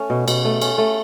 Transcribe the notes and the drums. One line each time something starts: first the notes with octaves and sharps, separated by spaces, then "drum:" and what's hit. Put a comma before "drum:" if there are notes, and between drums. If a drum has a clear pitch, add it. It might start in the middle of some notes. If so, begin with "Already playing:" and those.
Already playing: A3 C#4
B2
B2, drum: cymbal
A3
C#4, drum: cymbal
A3